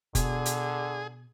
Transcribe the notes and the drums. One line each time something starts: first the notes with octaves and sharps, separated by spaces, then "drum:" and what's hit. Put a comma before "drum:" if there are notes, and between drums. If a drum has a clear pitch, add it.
B2 D3 G#4, drum: kick F1, hi-hat
drum: hi-hat